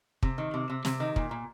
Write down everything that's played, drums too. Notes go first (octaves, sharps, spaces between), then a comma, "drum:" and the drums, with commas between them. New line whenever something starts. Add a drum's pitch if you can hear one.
C3, drum: kick
D#3
C3
C3
C3, drum: snare
D#3
A#2, drum: kick
A#2